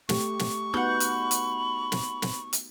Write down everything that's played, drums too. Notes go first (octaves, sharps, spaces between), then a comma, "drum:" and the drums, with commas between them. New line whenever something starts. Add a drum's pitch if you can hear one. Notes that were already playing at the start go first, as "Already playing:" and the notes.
A3 G4 C#6, drum: snare
drum: snare
B3 D#4 F#4 F#5 B5 G6
drum: hi-hat
drum: hi-hat
drum: snare
drum: snare
drum: hi-hat